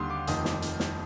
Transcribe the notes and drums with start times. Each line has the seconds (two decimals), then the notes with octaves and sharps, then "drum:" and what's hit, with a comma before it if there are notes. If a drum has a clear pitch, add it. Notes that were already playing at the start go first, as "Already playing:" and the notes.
Already playing: D#2 D3 G3 C6 D#6
0.10 D6
0.27 F1 F2 D#3 D#6, drum: hi-hat
0.45 drum: snare
0.62 drum: hi-hat
0.80 drum: snare